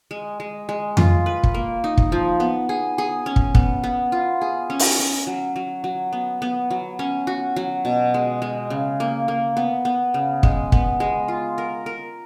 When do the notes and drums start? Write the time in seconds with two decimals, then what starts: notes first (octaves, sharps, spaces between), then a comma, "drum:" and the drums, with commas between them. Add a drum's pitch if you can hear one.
0.11 G#3
0.40 G#3
0.69 G#3
0.97 F4, drum: tom F2
1.26 B4
1.43 drum: kick
1.54 A#3
1.84 D#4
1.97 drum: kick
2.12 F3
2.40 B3
2.69 G#4
2.98 G#4
3.26 C#4
3.36 drum: kick
3.55 B3, drum: kick
3.83 B3
4.12 F4
4.41 G#4
4.70 C#4
4.79 drum: open hi-hat
4.99 C#4
5.27 F#3
5.56 F#3
5.84 F#3
6.12 B3
6.42 B3
6.70 F#3
6.99 C#4
7.27 F#4
7.56 F#3
7.85 B2
8.14 G#3
8.42 G#3
8.70 C#3
9.00 A#3
9.28 A#3
9.57 B3
9.85 B3
10.14 C#3
10.43 G#3, drum: kick
10.72 B3, drum: kick
11.00 G#3
11.28 F4
11.58 A#4
11.86 A#4